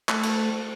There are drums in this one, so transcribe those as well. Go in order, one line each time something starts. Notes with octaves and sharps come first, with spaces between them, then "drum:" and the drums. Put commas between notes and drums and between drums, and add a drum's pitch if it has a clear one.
A3, drum: clap
drum: cymbal